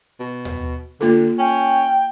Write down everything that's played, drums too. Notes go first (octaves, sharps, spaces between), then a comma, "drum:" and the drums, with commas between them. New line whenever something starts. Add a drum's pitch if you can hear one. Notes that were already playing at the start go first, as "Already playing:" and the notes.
B2
drum: tom D#2
D3 A#3 F4 A4
C#4 G5